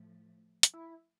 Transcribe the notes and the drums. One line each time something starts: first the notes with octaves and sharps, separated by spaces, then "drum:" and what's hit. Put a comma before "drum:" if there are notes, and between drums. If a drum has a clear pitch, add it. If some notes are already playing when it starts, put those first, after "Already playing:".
Already playing: A2 F3 A3
drum: hi-hat
E4